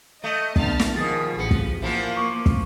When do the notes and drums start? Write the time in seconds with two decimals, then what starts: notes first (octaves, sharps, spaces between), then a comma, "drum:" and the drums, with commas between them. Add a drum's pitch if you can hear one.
0.24 A3 D#5
0.56 D3 B3 E5 A5 F6, drum: kick
0.80 drum: snare
0.96 B2 D#3 F3 G#4 D#6 A6
1.39 A1 F3 B3 G#4 C#7
1.51 drum: kick
1.82 E3 F3 A#3 B3
2.16 C#6 D6
2.46 drum: kick